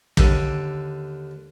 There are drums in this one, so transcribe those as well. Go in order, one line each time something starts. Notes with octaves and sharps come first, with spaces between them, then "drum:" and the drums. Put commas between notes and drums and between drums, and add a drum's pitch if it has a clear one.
D#2 D3, drum: kick